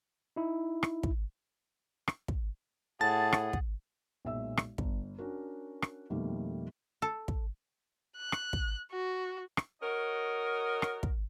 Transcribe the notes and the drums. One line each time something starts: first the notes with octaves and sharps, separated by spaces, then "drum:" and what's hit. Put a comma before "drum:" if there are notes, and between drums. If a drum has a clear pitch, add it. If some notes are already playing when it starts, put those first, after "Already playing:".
D#4 E4
drum: rim click
drum: kick
drum: rim click
drum: kick
A2 G#4 F#5 A5 A6
drum: rim click
drum: kick
B1 A#2 G#3 E5 E6
drum: rim click
G1, drum: kick
C#4 D4 F#4 A#4
drum: rim click
F2 B2 D#3 G3 A3 A#3
A4
drum: kick
F#6
drum: rim click
drum: kick
F#4
drum: rim click
F#4 A#4 C#5 D#5
drum: rim click
drum: kick